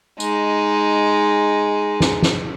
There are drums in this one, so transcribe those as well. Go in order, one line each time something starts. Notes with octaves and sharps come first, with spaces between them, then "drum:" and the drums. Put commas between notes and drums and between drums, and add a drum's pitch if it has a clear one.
G#3 D#4, drum: tambourine
drum: snare
drum: snare